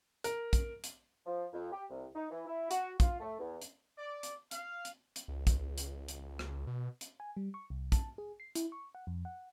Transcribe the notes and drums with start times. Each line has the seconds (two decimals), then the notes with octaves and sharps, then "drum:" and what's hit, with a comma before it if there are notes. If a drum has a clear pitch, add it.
0.24 A#4, drum: hi-hat
0.53 drum: kick, hi-hat
0.84 drum: hi-hat
1.26 F3
1.53 F2
1.72 G4
1.90 C2
2.15 D#4
2.31 E3
2.46 E4
2.71 F#4, drum: hi-hat
3.00 F4, drum: kick, hi-hat
3.20 A3
3.39 E2
3.62 drum: hi-hat
3.97 D5
4.23 drum: hi-hat
4.51 F5, drum: hi-hat
4.85 drum: hi-hat
5.16 drum: hi-hat
5.28 C#2
5.47 drum: kick, hi-hat
5.78 drum: hi-hat
6.08 drum: hi-hat
6.39 drum: rim click
6.67 B2
7.01 drum: hi-hat
7.20 G#5
7.37 G3
7.54 C#6
7.70 C2
7.92 A5, drum: kick, hi-hat
8.18 G#4
8.40 C7
8.55 E4, drum: hi-hat
8.72 C#6
8.95 F#5
9.07 F2
9.25 F#5